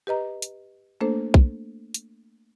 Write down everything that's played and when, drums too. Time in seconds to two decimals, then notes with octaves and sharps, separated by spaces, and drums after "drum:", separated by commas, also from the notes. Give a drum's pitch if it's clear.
0.07 G4 B4 D#5 A#5
0.42 drum: hi-hat
1.00 A3 A#3 D4 A4 C5
1.34 drum: kick B1
1.94 drum: hi-hat